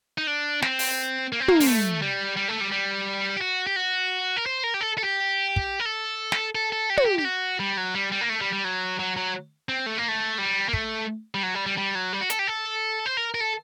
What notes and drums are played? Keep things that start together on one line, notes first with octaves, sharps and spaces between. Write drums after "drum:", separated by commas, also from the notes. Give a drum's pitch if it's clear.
D#4
D4
C4, drum: snare
drum: open hi-hat
A#3
C4
A#3, drum: tom
A#3, drum: open hi-hat
A3
G3
G3
A3
G3
G3
G4
F#4
G4
F#4
A#4
C5
A#4
G4
A4
A4
G4
drum: kick
A#4
A4
drum: snare
A4
A4
G4
F#4, drum: tom
G4
G4
F#4
G3
F#3
G3
G3
A#3
A3
G3
G3
F#3
F#3
F#3
C4
A3
A#3
A3
G3
A#3
A3, drum: kick
G3
F#3
G3
G3
G3
F#3
G3
F#4
A4, drum: hi-hat
G4
A4
C5
A#4
A#4
A4